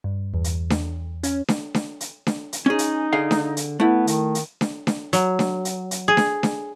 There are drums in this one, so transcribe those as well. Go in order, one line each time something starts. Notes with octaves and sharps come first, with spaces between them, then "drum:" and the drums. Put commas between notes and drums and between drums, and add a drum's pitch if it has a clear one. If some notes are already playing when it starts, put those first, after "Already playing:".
G2
E2
drum: hi-hat
drum: snare D4
C#4, drum: hi-hat
drum: snare D4
drum: snare D4
drum: hi-hat
drum: snare D4
drum: hi-hat
C#4 D#4 G#4
drum: hi-hat
D3 G#4 F5
drum: snare D4
drum: hi-hat
A3 B3 E4
D#3, drum: hi-hat
drum: hi-hat
drum: snare D4
drum: snare D4
F#3, drum: hi-hat
drum: snare D4
drum: hi-hat
drum: hi-hat
G#4
drum: snare D4
drum: snare D4